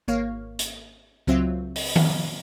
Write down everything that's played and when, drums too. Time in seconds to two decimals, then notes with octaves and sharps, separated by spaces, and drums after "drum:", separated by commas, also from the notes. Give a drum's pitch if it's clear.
0.08 G#1 A#3 C#5 F5
0.59 drum: hi-hat
1.27 C#2 F#3 C4 F4 E5
1.75 drum: open hi-hat
1.96 drum: tom D#3